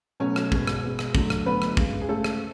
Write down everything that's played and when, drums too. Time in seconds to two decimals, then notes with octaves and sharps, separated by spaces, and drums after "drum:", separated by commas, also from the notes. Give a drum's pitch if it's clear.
0.20 B2 F#3 A3 C#4 C#5
0.36 drum: rim click
0.52 B2 G#3, drum: kick
0.67 drum: rim click
0.84 B2 G#3
0.99 drum: rim click
1.15 D3 F#3 A3, drum: kick
1.30 drum: rim click
1.46 D3 F#3 A3 B3 B4
1.62 drum: rim click
1.77 C#3 G#3, drum: kick
2.01 G#4
2.09 C#3 G#3 A3 A4
2.24 drum: rim click